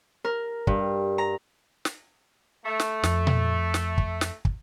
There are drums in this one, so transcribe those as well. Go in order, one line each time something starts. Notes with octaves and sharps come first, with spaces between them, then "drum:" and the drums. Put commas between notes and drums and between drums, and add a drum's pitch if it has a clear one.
A#4
G2, drum: kick
A#5
drum: snare
A3
drum: snare
F2, drum: snare
drum: tom A#2
drum: snare
drum: kick
drum: snare
drum: kick